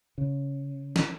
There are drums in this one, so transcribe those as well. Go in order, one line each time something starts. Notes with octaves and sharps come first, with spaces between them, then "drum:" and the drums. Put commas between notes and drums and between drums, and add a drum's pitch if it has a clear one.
C#3
drum: snare